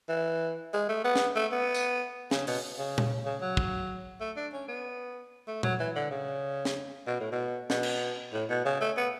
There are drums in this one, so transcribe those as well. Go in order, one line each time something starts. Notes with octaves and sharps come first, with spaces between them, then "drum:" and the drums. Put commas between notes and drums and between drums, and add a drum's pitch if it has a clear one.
E3
G#3
A3
B3
drum: snare
A3
B3
drum: tambourine
C#3, drum: snare
B2, drum: open hi-hat
C#3
drum: tom A#2
C#3
F#3
drum: kick
A3
D4
C#4
B3
A3
F#3, drum: tom A#2
E3
D3
C#3
drum: snare
B2
A2
B2
B2, drum: snare
drum: cymbal
A2
B2
C#3
A3
B3